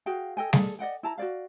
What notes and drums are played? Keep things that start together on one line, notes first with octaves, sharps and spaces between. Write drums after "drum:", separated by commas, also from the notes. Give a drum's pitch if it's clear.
F#4 G#4 F5 G5
A4 D#5 G5 G#5
G#4 A4 D5, drum: snare G3
D5 D#5 F#5 G5
E4 A5 A#5
F#4 C#5 D5 F5